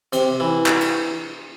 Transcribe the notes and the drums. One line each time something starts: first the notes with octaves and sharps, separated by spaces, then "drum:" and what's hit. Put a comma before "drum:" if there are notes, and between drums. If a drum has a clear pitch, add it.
C3, drum: cymbal
E3
drum: clap
drum: cymbal